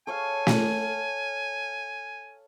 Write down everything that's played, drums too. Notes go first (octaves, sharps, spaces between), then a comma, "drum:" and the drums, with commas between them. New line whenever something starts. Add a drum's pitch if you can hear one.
A4 C#5 F5 G#5
drum: snare